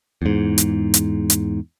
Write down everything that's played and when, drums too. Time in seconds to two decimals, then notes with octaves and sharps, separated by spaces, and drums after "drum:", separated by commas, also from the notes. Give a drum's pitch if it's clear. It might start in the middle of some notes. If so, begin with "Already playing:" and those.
0.22 E2 G#2
0.58 drum: hi-hat
0.94 drum: hi-hat
1.30 drum: hi-hat